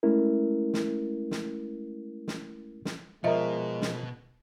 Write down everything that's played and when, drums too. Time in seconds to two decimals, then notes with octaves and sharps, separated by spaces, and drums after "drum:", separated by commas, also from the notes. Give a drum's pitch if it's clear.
0.03 G#3 A3 C#4 E4 A#4
0.74 drum: snare
1.31 drum: snare
2.28 drum: snare
2.85 drum: snare
3.24 B2 F3 G#3 A#4 D#5 E5
3.82 drum: snare